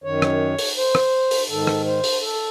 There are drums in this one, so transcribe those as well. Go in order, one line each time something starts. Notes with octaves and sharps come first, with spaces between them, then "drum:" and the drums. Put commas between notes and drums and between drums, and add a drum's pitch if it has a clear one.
F#2 D#3 C#5
drum: rim click
drum: open hi-hat
C5
drum: rim click
drum: open hi-hat
G#2 D#3 A4
drum: rim click
C5
drum: open hi-hat
A4